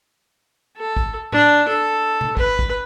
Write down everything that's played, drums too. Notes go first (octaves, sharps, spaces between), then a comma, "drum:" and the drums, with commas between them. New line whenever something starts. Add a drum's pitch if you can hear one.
A4
drum: kick
D4, drum: tom A2
A4
drum: tom C3
B4, drum: kick
drum: kick